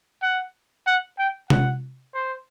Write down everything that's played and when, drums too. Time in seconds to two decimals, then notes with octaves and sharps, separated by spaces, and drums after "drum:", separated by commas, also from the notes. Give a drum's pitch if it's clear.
0.22 F#5
0.87 F#5
1.19 G5
1.50 F#5, drum: tom C3
2.14 C5